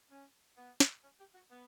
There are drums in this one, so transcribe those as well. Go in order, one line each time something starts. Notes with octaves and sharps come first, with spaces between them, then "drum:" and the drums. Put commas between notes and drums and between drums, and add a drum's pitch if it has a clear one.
C#4
B3
drum: snare
C#4
G4
F#4
B3